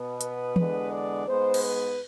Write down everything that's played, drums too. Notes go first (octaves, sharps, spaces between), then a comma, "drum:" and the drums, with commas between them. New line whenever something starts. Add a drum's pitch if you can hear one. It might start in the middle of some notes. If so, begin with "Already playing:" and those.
Already playing: B2 B3
B4, drum: hi-hat
E2 D3 G#3 B3, drum: tom E3
D5
G#2 G#3 B3 C5
drum: cymbal
B4